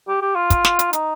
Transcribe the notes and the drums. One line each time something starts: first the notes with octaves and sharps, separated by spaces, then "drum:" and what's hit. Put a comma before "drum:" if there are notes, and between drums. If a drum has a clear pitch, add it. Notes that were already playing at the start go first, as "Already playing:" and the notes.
G4
G4
F4
drum: kick, hi-hat
drum: snare
drum: hi-hat
D#4, drum: hi-hat